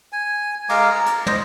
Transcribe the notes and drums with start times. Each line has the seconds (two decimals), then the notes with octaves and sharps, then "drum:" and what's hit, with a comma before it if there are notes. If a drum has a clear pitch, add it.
0.12 G#5
0.69 G#3 F5 A#5 D6, drum: cymbal
0.90 A#5
1.06 drum: hi-hat
1.26 C5 D#5, drum: tom